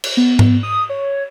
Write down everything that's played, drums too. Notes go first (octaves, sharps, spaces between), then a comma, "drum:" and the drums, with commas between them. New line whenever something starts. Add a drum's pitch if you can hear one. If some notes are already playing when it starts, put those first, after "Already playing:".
drum: cymbal
B3
drum: tom G#2
D#6
C#5